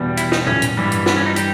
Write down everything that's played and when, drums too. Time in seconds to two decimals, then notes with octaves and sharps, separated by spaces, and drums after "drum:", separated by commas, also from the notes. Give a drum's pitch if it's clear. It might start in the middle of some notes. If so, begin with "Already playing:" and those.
Already playing: E2 B2 G3
0.17 E4, drum: hi-hat
0.32 D#4, drum: snare
0.47 C#4, drum: tom A2
0.62 drum: hi-hat
0.77 G2 E3 G3, drum: tom A2
0.92 drum: hi-hat
1.06 B3, drum: snare
1.16 C#4
1.26 D#4
1.36 G4, drum: hi-hat